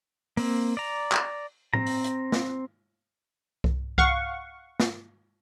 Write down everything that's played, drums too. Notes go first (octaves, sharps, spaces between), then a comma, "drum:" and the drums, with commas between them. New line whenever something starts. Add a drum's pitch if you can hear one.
A#3 C4, drum: open hi-hat
D5 A#5
drum: clap
C4 A#5, drum: tom A2
drum: open hi-hat
drum: hi-hat
drum: snare
drum: kick C2
F5 F#5 C#6, drum: kick C2
drum: snare